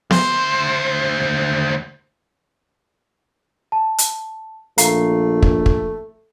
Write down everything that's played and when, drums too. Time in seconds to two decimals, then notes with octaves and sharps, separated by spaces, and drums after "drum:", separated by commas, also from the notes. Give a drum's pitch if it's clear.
0.11 D2 C5, drum: snare B3
3.72 A5
3.98 drum: hi-hat
4.78 A#1 A3 F5 A#5 C7, drum: hi-hat
5.42 drum: kick
5.66 drum: kick